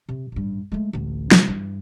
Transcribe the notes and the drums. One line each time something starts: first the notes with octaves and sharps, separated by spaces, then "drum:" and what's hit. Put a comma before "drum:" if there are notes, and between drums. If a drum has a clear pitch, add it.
C3
A1 G2
G#3 A3
A1 D2
C3 G3, drum: snare
G2 E3